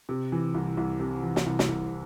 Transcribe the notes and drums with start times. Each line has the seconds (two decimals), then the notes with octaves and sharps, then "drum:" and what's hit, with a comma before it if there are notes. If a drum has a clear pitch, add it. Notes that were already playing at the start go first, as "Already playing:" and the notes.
0.09 C3
0.32 E3
0.54 C2
0.77 C2
1.00 C3
1.23 E3
1.36 drum: snare
1.46 C2
1.59 drum: snare
1.69 C2